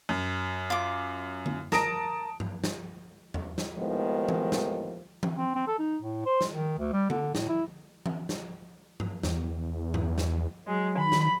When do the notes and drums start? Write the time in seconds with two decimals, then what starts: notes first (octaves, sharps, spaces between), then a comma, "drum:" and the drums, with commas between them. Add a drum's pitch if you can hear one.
0.09 F#2
0.70 F4 D6
1.46 drum: tom D3
1.72 A#4 A5 A#5 D#6 D7, drum: snare
2.40 drum: tom G2
2.64 drum: snare
3.34 drum: tom E2
3.58 drum: snare
3.78 D#2 A2 D#3 F3 G#3 B3
4.29 drum: tom E3
4.52 drum: snare
5.23 drum: tom E3
5.38 C4
5.55 C4
5.68 A4
5.79 D#4
6.02 A2
6.26 C5
6.41 drum: snare
6.51 D#3
6.79 D2
6.93 G3
7.10 D3, drum: tom D3
7.35 A2, drum: snare
7.49 E4
8.06 drum: tom E3
8.29 drum: snare
9.00 drum: tom G2
9.23 E2, drum: snare
9.94 drum: tom G2
10.18 drum: snare
10.67 F#3 G#3
10.97 D#3 B5
11.12 drum: snare